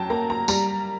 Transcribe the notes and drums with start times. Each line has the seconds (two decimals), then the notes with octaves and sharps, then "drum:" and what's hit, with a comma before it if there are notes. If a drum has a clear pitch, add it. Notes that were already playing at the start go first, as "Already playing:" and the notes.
Already playing: F#2 F#3 G5 A5
0.10 A#3 A#5
0.30 A#5
0.48 G3 A#5, drum: tambourine